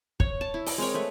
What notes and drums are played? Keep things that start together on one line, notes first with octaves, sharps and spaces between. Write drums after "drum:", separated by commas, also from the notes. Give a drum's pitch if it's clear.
C#5, drum: kick
A5
E4
D#5, drum: open hi-hat
G#3 C4 A#4 C#5
A3 B4